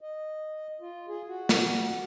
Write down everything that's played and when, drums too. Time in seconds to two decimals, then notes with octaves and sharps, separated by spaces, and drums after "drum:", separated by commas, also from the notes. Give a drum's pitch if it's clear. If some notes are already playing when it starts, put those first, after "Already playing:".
0.01 D#5
0.81 F4
1.08 G#4
1.28 F#4
1.49 drum: snare